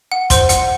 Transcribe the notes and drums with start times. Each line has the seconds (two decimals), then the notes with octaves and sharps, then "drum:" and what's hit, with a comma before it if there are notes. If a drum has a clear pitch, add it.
0.12 F#5
0.30 C5 C6, drum: kick, hi-hat
0.49 F#5, drum: hi-hat